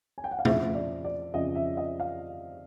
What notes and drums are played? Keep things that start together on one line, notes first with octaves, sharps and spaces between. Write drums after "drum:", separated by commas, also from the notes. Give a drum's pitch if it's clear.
G#5
G5
F#5
F5
F2 C#3 F3 E5, drum: tom
D5
D5
F2 C#3 F3 D#5
E5
D#5
F5